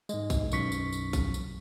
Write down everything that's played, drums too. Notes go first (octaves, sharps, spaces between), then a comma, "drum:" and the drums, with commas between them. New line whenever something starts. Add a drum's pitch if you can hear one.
G#2 G#3, drum: tambourine
drum: kick A#1, tambourine
B1 F#2 C#6 B6, drum: tambourine
drum: tambourine
drum: tambourine
drum: kick A#1, tambourine
drum: tambourine